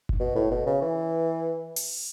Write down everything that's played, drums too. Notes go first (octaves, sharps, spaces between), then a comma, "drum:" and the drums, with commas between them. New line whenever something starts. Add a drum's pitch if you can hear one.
drum: kick F#1
B2
A2
B2
C#3
E3
drum: open hi-hat